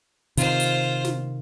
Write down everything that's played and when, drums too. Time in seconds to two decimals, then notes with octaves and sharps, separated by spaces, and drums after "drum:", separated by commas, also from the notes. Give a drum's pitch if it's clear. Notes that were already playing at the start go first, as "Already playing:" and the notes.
0.37 C3 D#3 F4 C5, drum: hi-hat
0.60 drum: hi-hat
1.05 drum: snare